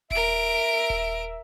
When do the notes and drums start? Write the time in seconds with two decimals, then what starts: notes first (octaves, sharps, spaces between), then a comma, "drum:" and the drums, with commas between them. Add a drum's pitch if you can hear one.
0.11 A#4 E5 D7, drum: kick D#1
0.90 drum: kick D#1